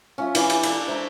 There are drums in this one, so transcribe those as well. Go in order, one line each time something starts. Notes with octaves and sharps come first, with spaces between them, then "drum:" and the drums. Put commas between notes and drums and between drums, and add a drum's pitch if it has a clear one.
C#4 F4 E5
E3 D5 D6, drum: cymbal
drum: cymbal
D4 A4, drum: cymbal
C5 E5 A#5 C#6